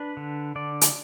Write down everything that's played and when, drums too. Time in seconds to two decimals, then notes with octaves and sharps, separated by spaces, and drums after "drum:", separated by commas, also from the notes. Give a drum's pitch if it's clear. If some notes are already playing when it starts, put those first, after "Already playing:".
Already playing: D4 B4
0.17 D3
0.55 D3 D5
0.81 drum: hi-hat